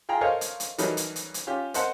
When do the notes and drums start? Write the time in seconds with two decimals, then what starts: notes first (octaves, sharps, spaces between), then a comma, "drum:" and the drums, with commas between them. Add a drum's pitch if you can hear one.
0.09 F4 G#4 G5 A#5
0.21 A4 A#4 C5 C#5 D#5 F5
0.41 drum: hi-hat
0.60 drum: hi-hat
0.78 E3 F#3 G3 D#4 A4 A#4, drum: hi-hat
0.97 drum: hi-hat
1.16 drum: hi-hat
1.34 drum: hi-hat
1.47 C#4 F4 G4
1.74 C4 A#4 C5 D#5 F#5 A5, drum: hi-hat